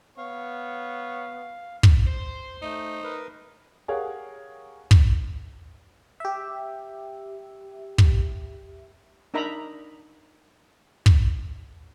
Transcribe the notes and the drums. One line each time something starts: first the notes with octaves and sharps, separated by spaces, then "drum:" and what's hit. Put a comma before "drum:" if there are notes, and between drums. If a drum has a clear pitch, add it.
B3 C#5 F5
drum: kick
C5 C6
A3 D#4
A#4 B4
G4 G#4 A#4 C#5 F5 F#5
drum: kick
G4 E5
drum: kick
D4 D#4 A#4 E5 A#5 B5
drum: kick